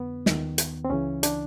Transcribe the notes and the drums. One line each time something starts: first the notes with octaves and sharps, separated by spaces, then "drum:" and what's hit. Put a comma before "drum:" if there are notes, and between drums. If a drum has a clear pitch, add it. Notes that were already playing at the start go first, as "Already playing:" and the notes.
Already playing: F2 D3 B3
D#2 D#3, drum: snare
drum: hi-hat
C4
C#2 C#3 E3 C#4
D4, drum: hi-hat